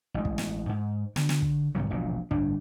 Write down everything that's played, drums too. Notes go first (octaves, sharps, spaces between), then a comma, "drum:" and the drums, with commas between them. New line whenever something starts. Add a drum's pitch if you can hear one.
A1 G#3
drum: kick
drum: snare
G#2
D3, drum: snare
drum: snare
drum: kick
C2 G#2 D#3 F#3
E1 A#1 A#2 F#3
G1 A2 D4, drum: kick